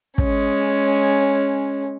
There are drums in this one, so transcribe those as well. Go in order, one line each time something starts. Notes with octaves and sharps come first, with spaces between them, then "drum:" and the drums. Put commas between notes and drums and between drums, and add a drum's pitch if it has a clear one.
G#3 C#4, drum: kick